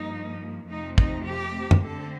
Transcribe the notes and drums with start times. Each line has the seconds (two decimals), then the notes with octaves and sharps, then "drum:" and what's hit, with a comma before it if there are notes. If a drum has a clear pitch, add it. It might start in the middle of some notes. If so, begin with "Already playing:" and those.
Already playing: G2 F3 A#3 D#4
0.69 F2 C3 F3 A3 C4 D#4
0.98 D#4, drum: kick
1.26 G4
1.71 drum: tom
1.84 D3 A3 C4 A4